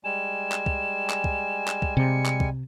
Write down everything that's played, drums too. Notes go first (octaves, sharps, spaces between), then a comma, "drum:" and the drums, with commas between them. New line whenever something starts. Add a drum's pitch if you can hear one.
G3 G#3 G#5 E7
drum: clap
drum: kick
drum: clap
drum: kick
drum: clap
drum: kick
C3 C#7
drum: clap
drum: kick